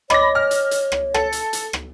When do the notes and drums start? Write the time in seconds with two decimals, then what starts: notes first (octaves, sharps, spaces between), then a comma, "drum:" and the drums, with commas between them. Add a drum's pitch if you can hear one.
0.10 C#5 D#5 B5 D6 A#6, drum: rim click
0.35 G#5 F6
0.51 drum: hi-hat
0.71 drum: hi-hat
0.92 drum: rim click
1.14 A4, drum: rim click
1.32 drum: hi-hat
1.53 drum: hi-hat
1.73 drum: rim click